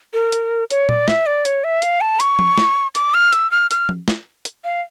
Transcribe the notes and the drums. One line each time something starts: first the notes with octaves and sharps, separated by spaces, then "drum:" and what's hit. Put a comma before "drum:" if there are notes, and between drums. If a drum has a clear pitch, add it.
A#4
drum: hi-hat
C#5, drum: hi-hat
D5, drum: tom A#2
E5, drum: snare
D5
C#5, drum: hi-hat
E5
F5, drum: hi-hat
A5
C#6, drum: hi-hat
drum: tom F3
drum: snare
D6, drum: hi-hat
F6
E6, drum: hi-hat
F6
F6, drum: hi-hat
drum: tom F3
drum: snare
drum: hi-hat
F5